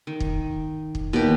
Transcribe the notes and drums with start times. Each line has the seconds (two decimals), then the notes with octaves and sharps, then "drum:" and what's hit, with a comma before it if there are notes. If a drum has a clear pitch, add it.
0.07 D#3
0.20 drum: kick
0.95 drum: kick
1.13 D#2 B2 G4